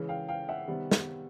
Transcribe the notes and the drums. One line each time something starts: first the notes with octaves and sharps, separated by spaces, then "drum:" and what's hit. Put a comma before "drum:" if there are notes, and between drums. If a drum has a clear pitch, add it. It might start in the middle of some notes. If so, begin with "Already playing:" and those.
Already playing: C#3 E3 G#3
F5 G5
F5 G5
E5 F#5
C3 D#3 G3 B3
drum: snare